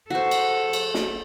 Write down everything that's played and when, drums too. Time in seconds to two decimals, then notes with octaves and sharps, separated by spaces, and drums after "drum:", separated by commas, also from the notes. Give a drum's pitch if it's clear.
0.10 F#4 A4 C5
0.31 drum: cymbal
0.73 drum: cymbal
0.94 drum: snare